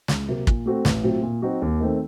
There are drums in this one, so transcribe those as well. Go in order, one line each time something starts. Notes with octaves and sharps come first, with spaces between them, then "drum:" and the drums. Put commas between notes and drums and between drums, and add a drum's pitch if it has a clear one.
C#2, drum: snare
C3 F#3 A#3
A#2, drum: kick
A3 C4 F#4
A1, drum: snare
A2 F#3 C4 F4
A#2
F#3 C4 D#4 F#4
D#2
D#3 A3 C4